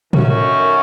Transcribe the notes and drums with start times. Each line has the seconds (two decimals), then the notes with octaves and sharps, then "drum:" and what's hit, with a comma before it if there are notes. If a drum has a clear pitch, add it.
0.13 F#2 D#3 A3 C#4 F#4, drum: tom